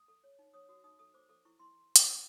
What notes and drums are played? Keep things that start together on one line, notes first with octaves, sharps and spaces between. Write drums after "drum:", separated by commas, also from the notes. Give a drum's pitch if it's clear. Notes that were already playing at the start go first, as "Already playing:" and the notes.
Already playing: D#6
A4
C#5
D#4
C#5 D#6
F#4 D#6
D#4 D#6
A4 D#6
C5 D6
A4 D6
E4 C#6
E4 C6
drum: hi-hat